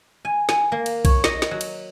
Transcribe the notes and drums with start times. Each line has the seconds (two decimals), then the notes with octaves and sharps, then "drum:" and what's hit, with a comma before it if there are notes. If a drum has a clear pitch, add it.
0.25 G#5
0.49 G#5, drum: snare
0.72 A#3
0.86 drum: cymbal
1.05 C#5, drum: kick B1, cymbal
1.24 D#5, drum: snare
1.42 drum: snare
1.51 F#3
1.61 drum: cymbal